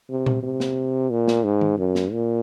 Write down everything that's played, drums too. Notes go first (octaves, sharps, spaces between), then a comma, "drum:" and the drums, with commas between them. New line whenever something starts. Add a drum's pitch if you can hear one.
C3
drum: tom A#2
C3
drum: snare
A#2
drum: snare
G#2
drum: tom D#3
F#2
drum: snare
A#2